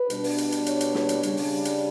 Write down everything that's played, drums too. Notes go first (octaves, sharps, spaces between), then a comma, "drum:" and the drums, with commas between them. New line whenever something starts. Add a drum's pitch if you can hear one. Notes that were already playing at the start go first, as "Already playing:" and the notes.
Already playing: B4
B2 G3 D4, drum: hi-hat
drum: open hi-hat
drum: hi-hat
drum: hi-hat
C#5, drum: hi-hat
drum: hi-hat
drum: snare
drum: hi-hat
C#3 G3 D4, drum: hi-hat
drum: open hi-hat
drum: hi-hat